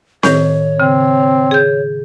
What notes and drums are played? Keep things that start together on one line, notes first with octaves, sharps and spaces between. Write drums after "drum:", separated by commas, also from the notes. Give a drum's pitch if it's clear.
A2 D#3 C#5, drum: snare C4
C#3 C4
G#4 G6